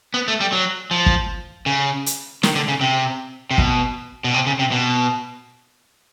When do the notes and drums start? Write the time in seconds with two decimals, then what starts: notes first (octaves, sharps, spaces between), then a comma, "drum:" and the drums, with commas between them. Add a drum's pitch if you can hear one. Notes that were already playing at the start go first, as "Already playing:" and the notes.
0.14 B3
0.28 A3
0.40 G3
0.52 F#3
0.91 F3
1.06 drum: kick
1.66 C#3
2.06 drum: hi-hat
2.43 D#3, drum: snare
2.55 D3
2.68 C#3
2.81 C3
3.51 C3
3.58 B2, drum: kick
4.24 B2
4.34 C3
4.47 C#3
4.59 C3
4.71 B2